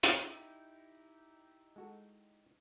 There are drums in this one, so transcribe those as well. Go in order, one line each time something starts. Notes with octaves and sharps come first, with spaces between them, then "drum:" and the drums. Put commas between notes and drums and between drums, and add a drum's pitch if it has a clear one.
D#4 E4 G4, drum: hi-hat
G#3 F#4 A4